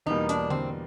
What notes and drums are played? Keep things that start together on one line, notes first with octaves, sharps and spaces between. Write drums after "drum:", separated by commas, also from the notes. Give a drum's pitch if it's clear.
E2 B2 G3 A#3 D#4
D4, drum: hi-hat
C4, drum: tom D3